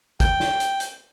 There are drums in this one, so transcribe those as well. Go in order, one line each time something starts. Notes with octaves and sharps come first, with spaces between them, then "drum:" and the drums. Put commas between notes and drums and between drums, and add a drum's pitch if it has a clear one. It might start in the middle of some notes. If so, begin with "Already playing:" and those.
G5, drum: kick, hi-hat
drum: snare
drum: hi-hat
drum: hi-hat